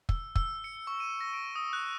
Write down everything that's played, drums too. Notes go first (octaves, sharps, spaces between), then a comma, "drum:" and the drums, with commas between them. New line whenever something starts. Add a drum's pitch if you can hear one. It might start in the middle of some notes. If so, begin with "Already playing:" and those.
E6, drum: kick
E6, drum: kick
C#7
C#6
D#7
A#6
D7
D#6
F#6